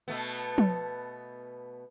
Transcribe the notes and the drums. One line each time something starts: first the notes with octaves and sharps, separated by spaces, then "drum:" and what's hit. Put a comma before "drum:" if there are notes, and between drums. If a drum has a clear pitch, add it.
B2 A3 B3
drum: tom